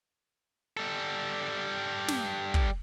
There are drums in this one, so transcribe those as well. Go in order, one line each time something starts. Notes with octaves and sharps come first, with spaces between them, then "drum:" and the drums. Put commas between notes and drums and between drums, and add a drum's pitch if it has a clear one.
G3 A4
drum: snare
drum: kick